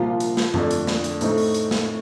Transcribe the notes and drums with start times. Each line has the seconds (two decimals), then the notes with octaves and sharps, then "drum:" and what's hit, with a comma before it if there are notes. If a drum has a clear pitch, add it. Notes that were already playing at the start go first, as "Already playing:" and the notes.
Already playing: C2 A#2 F3 A#3 F4
0.20 drum: hi-hat
0.37 drum: snare
0.54 F2 D3 A3 D4, drum: tom G2
0.71 drum: hi-hat
0.87 drum: snare
1.04 drum: hi-hat
1.21 A2 A3 C4 D#4, drum: hi-hat
1.38 drum: open hi-hat
1.54 drum: hi-hat
1.71 drum: snare